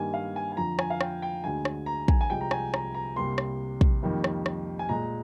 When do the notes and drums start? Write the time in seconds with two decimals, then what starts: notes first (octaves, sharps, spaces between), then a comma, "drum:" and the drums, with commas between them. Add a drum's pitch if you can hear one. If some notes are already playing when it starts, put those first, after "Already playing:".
Already playing: G2 D#3 G3 A#3 G#5
0.14 F5
0.36 G#5
0.52 G#5
0.57 F2 D3 F3 A#5
0.79 G#5, drum: rim click
0.90 F5
1.01 G5, drum: rim click
1.22 G5
1.44 D2 D3 G#3 G#5
1.65 drum: rim click
1.86 A#5
2.08 G#5, drum: kick
2.21 G#5
2.29 C2 C3 F3 G#3 G5
2.41 A#5
2.51 G#5, drum: rim click
2.74 A#5, drum: rim click
2.94 A#5
3.16 C2 C3 G3 A#3 C6
3.38 drum: rim click
3.81 drum: kick
4.03 F2 D#3 G3 A#3
4.24 drum: rim click
4.46 drum: rim click
4.79 G#5
4.89 A#2 G#3 A#5